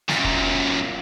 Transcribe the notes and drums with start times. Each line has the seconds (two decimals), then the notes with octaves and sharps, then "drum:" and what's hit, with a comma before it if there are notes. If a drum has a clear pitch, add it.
0.09 F#2 A#2, drum: snare
0.24 drum: kick